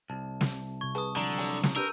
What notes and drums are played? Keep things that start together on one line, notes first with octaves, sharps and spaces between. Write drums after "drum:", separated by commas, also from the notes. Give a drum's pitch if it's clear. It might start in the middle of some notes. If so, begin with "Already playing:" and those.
C2 A5
drum: snare
C3 C#6 G#6
G#4 B4 A5 D#6, drum: hi-hat
D3 F3 F#3 A#5 F#7
drum: open hi-hat
drum: snare
D4 G4 A#4 B4 E6 G6 D#7